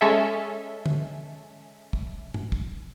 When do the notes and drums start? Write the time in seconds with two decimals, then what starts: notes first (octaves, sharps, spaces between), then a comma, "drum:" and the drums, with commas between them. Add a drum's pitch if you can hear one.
0.01 G#3 C#4 A4 E5
0.86 drum: tom D3
1.93 drum: kick
2.34 drum: tom G2
2.52 drum: kick